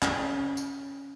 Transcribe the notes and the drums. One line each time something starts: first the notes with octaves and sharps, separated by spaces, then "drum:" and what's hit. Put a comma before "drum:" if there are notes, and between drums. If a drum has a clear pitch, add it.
C#4, drum: clap
drum: tambourine